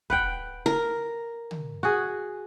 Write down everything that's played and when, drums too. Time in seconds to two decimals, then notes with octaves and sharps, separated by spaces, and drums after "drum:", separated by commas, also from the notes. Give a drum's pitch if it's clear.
0.10 B4 F#5 G5, drum: kick
0.66 A#4
1.51 drum: tom
1.83 F#4 G#4